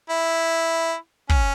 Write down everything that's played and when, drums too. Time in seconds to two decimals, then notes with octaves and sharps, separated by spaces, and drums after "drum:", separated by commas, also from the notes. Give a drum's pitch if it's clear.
0.10 E4
1.29 C#4, drum: kick